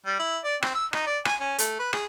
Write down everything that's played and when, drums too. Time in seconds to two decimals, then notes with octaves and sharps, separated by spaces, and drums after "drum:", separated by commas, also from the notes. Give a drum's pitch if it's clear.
0.06 G3
0.19 E4
0.44 D5
0.62 C4, drum: rim click
0.74 E6
0.93 D#4, drum: rim click
1.06 D5
1.25 G#5, drum: rim click
1.40 C#4
1.58 A3, drum: hi-hat
1.79 B4
1.93 G#4, drum: rim click